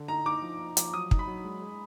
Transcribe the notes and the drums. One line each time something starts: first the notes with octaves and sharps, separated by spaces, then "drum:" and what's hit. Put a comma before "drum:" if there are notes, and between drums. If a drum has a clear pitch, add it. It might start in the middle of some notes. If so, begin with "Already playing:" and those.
Already playing: D3
D#4 A#5
D#4 D6
F3
D#4
F3, drum: hi-hat
F#3 D#6
D#4, drum: kick
B5
F#3
G#3
G#4